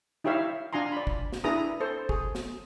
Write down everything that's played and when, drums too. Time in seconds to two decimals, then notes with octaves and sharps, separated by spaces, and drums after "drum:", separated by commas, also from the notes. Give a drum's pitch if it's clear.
0.24 D#4 E4 G4 C#5 E5 F5
0.73 D4 F4 G#5 A#5 C6
0.92 D5 B5
1.07 drum: kick
1.33 drum: snare
1.44 D4 E4 G#4 B4 A#5 D#6
1.80 A4 C5
2.09 G#4, drum: kick
2.35 drum: snare